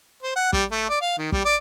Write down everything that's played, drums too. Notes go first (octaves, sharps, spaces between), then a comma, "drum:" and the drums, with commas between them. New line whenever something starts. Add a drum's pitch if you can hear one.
C5
F#5
G3, drum: kick
A3
D5
F5
D#3
G3, drum: kick
D5